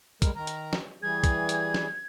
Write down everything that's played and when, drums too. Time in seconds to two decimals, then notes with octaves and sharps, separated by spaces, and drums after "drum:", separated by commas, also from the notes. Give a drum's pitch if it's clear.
0.22 G3 G#3 A#4, drum: kick, hi-hat
0.36 D#3 A#4 A#5
0.47 drum: hi-hat
0.73 drum: snare
1.02 E3 G3 G#4 G#6
1.24 drum: kick, hi-hat
1.49 drum: hi-hat
1.74 drum: snare